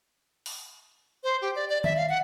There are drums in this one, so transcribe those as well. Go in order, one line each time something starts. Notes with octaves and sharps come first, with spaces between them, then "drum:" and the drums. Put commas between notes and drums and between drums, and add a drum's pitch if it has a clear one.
drum: open hi-hat
C5
G4
D5
D5
E5, drum: tom D#3
F5
F#5